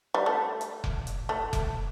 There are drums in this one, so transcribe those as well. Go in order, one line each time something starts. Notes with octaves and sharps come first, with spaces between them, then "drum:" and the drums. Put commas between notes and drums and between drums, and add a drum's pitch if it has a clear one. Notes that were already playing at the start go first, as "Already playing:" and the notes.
G3
A3
drum: hi-hat
drum: kick F1
drum: hi-hat
A3
drum: kick F1, hi-hat